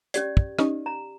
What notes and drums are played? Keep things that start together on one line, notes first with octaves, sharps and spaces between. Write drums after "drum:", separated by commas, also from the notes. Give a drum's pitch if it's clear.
C#4 G4 D5, drum: hi-hat
drum: kick
C#4 D#4 G4 D#5, drum: rim click
A#5